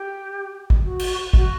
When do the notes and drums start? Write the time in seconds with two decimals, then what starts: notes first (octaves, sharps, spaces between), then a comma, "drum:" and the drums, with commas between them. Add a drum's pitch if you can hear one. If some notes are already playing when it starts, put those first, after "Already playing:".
Already playing: G4
0.70 drum: kick
0.82 F#4
0.99 drum: cymbal
1.33 F#4, drum: kick